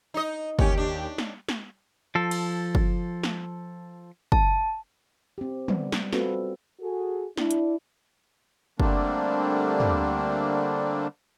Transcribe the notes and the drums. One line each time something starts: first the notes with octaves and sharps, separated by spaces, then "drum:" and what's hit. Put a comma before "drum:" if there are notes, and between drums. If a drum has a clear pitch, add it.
D#4 D#5
D#2 C#4 G4, drum: kick F#1
D4
drum: snare
drum: snare
F3 A4
drum: cymbal
drum: kick F#1
drum: snare
A5, drum: kick F#1
C4 G4
G3 B3, drum: tom
G3, drum: snare
C4 F4 F#4 A4 B4, drum: snare
F#4 G#4 A4
D4 E4, drum: snare
drum: hi-hat
D3 G3 A3 A#3 C4 D4, drum: kick F#1
drum: tom